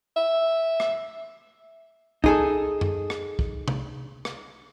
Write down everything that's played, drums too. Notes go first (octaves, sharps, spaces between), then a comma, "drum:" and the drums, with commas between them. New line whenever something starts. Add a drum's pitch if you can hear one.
E5
drum: rim click
D#4 G#4 A4, drum: kick
drum: tom F#2
drum: rim click
drum: kick
drum: tom C3
drum: rim click